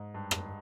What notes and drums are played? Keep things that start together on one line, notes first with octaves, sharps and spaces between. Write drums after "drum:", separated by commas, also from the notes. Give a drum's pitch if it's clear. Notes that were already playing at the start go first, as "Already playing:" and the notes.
Already playing: G#2
G2
drum: rim click